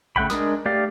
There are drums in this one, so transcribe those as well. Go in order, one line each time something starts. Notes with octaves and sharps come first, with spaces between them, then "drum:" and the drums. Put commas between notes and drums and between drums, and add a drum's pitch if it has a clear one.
C#3 A3 F#5 G5 B5, drum: kick G#1
G#3 D4 A#4 D#6, drum: snare
A3 G4 D5 F5